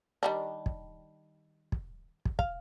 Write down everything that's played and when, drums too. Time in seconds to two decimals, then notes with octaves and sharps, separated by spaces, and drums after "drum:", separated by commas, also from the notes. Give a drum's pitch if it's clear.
0.23 D#3 G3 D4
0.66 drum: kick
1.72 drum: kick
2.25 drum: kick
2.39 F5, drum: kick